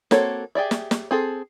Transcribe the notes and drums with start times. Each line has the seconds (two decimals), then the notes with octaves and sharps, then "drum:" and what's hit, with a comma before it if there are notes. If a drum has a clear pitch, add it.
0.11 A#3 C4 F#4 A4 C#5, drum: snare
0.55 G4 G#4 D5 E5
0.71 drum: snare
0.91 drum: snare
1.11 C4 G#4 A4